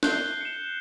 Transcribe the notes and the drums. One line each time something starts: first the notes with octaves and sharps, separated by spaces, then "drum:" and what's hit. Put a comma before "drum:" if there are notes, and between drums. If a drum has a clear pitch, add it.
F#6 G6 C7 G7, drum: snare
C#7 E7